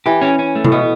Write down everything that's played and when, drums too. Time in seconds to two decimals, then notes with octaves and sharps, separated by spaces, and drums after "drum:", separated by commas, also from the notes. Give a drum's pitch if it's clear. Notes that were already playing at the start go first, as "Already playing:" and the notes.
0.06 E3 G4
0.21 C#4
0.39 C#4
0.55 A3
0.65 A2, drum: tom
0.72 B2 B3